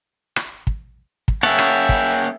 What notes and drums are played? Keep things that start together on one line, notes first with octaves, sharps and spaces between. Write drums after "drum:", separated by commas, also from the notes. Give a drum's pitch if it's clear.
drum: rim click
drum: kick
drum: kick
A#3 C#4 G#4 C#5 E5 F#5 G5 A5
drum: rim click
drum: kick